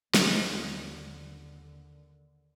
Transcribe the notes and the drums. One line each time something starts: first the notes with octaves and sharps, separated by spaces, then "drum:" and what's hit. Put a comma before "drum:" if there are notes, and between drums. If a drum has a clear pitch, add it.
D#2 D3, drum: snare